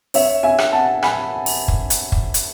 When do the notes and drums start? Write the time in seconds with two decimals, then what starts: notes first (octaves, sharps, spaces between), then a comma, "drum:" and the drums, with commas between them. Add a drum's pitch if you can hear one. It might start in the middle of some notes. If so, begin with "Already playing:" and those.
0.14 C#5 E5, drum: open hi-hat
0.43 E5 G#5
0.58 drum: rim click
0.73 F#5 A5
1.02 G#5 B5, drum: rim click
1.46 drum: open hi-hat
1.68 drum: kick
1.90 drum: hi-hat
2.12 drum: kick
2.34 drum: hi-hat